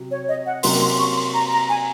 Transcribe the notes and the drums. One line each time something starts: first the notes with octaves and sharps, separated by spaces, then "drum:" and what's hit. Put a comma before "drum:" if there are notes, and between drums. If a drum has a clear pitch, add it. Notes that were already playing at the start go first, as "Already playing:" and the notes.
Already playing: C3 F#3
C#5
D#5
F#5
C3 F#3 A#3 C#4 C6, drum: open hi-hat
C6
C#6
C6
A#5
A#5
G#5